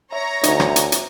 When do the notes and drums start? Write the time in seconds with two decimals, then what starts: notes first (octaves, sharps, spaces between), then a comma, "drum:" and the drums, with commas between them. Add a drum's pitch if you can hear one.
0.12 C#5 E5 A#5
0.43 D2 D#4 E5, drum: hi-hat
0.60 drum: rim click
0.76 drum: hi-hat
0.92 drum: hi-hat